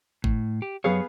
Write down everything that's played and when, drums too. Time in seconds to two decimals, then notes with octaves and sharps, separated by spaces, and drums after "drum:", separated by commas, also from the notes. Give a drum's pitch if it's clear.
0.24 A2, drum: kick G1
0.62 G4
0.84 F#2 F#3 B3 G#4 C#5 F5